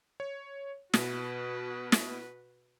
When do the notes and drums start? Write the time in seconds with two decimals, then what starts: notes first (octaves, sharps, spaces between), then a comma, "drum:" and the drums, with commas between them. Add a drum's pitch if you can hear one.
0.20 C#5
0.93 B2 F#4 B4, drum: snare
1.92 drum: snare